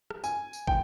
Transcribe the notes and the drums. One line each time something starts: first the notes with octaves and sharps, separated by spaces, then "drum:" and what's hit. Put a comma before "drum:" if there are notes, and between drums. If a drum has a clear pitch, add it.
drum: rim click
G#5, drum: tambourine
drum: tambourine
G5, drum: kick